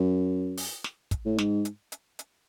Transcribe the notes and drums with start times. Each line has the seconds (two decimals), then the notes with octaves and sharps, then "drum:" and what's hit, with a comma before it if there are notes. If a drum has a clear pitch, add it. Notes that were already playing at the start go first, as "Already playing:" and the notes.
Already playing: F#2
0.57 drum: open hi-hat
0.84 drum: snare
1.11 drum: kick, hi-hat
1.26 A2
1.38 G#2, drum: snare
1.65 drum: hi-hat
1.92 drum: hi-hat
2.19 drum: hi-hat